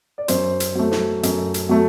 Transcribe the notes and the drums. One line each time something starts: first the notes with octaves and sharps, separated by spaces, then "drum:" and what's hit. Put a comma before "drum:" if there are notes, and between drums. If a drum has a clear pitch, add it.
D5
F#2 C5, drum: hi-hat
drum: hi-hat
F#3 A3
drum: snare
F#2, drum: hi-hat
drum: hi-hat
F#3 A3